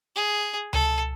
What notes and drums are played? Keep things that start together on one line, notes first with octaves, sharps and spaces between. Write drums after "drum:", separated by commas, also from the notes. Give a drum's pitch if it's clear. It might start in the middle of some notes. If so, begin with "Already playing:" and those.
G#4
A4, drum: tom C#2